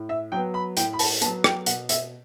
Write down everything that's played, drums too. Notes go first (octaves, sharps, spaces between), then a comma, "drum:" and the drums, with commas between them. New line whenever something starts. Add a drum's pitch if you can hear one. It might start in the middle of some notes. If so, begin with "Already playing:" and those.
Already playing: A2
E5
F#3 B3 G5
B5
A2 G5, drum: hi-hat
B5
A5, drum: open hi-hat
F#3 B3 A5, drum: hi-hat
G5, drum: rim click
B2 F#5, drum: hi-hat
E5, drum: hi-hat